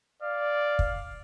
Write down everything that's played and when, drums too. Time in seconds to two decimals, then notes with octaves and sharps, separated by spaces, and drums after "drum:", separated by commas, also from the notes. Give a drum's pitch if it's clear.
0.22 D5 F5
0.79 drum: kick